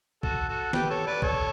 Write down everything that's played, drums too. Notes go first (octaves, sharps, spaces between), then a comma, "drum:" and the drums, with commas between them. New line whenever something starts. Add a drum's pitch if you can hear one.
F#4 A4, drum: kick A#1
F#4 A4
G4 B4, drum: snare
A4 C#5
B4 D5
A4 C#5, drum: kick A#1